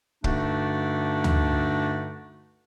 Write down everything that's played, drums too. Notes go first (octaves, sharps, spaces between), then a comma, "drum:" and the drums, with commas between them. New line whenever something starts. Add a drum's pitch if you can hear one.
G2 D3 A3 D4 D#4 F#4, drum: kick
drum: tom D2